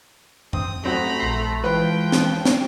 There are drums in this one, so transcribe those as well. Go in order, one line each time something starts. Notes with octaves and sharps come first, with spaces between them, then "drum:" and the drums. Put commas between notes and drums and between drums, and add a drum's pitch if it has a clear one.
C4 D#6, drum: tom F#2
F#3 A3 C4 F#4 A#5 B5
A#1 C6 C7
E3 F3 G#3 B4 G5
drum: snare
drum: snare